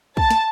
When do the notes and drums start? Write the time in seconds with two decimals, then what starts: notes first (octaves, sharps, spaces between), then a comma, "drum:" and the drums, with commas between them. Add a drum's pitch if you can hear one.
0.17 A5, drum: kick
0.30 drum: snare